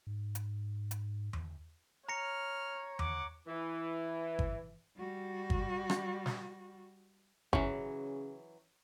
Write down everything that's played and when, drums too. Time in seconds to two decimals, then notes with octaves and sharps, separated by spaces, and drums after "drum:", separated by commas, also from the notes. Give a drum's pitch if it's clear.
0.07 G#2
0.35 drum: hi-hat
0.91 drum: hi-hat
1.33 drum: tom E2
2.09 C#5 A#5 F6 A#6 C#7
2.99 F#5 D6, drum: tom E2
3.47 E3
4.39 drum: kick G1
4.98 G3 F#4
5.50 drum: kick G1
5.90 drum: rim click
6.26 drum: snare
7.53 C#3 E3 F#3 C#4, drum: kick G1